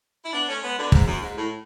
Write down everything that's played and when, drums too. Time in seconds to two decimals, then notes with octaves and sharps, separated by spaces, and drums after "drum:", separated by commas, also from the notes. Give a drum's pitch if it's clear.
0.25 E4
0.33 B3 D4
0.48 A3 C#4
0.63 G#3 B3
0.78 B2 D3
0.92 G#2, drum: kick
1.07 F#2
1.22 G#2
1.37 A2